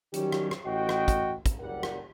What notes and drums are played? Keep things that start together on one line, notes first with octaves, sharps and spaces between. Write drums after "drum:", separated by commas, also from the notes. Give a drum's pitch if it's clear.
D#3 F#3 G3 C#4 G4, drum: hi-hat
drum: rim click
drum: rim click
A1 F#4 D#5 G5
drum: rim click
drum: kick, hi-hat
drum: kick, hi-hat
F#1 G3 A#4 F#5
drum: rim click